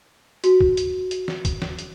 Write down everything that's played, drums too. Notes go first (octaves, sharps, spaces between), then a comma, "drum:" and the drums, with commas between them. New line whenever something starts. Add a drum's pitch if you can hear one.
F#4, drum: hi-hat
drum: kick
drum: hi-hat
drum: hi-hat
drum: snare
drum: kick, hi-hat
drum: snare
drum: hi-hat